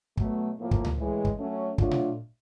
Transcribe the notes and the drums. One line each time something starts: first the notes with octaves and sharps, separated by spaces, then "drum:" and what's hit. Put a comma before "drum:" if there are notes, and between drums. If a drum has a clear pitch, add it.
B2 F#3 A3, drum: kick
A2 F3 A#3
drum: kick
drum: tom C#2
A2 E3 G#3
drum: kick
F#3 A3 C#4
F#3 A3 D4 F4, drum: kick
drum: tom A#2